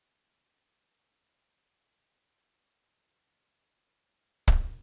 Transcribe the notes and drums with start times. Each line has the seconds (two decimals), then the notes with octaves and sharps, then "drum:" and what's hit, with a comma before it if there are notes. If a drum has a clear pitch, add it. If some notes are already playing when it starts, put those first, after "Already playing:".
0.05 G#4 C#5 D#5 F5 G5
1.71 G#1 F2 D3 F#4 G#4
3.95 D3 C4 E5 G#5 A5
4.48 drum: kick